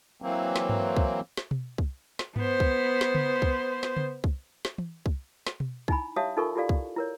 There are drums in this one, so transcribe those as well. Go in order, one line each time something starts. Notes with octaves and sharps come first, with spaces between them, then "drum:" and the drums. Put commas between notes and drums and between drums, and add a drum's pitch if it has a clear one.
E3 F#3 A#3 C4
drum: snare
drum: tom G2
drum: kick
drum: snare
drum: tom B2
drum: kick
drum: snare
B3 C5, drum: tom G2
drum: kick
drum: snare
drum: tom C#3
drum: kick
drum: snare
drum: tom C#3
drum: kick
drum: snare
drum: tom E3
drum: kick
drum: snare
drum: tom B2
D#4 E4 G#5 B5, drum: kick
G4 C#5 E5 F5 A5 D#6
D#4 F4 A4 A#4 G#5 C#6
E4 F4 G4 A4 D5 F5
drum: kick
E4 A#4 C#5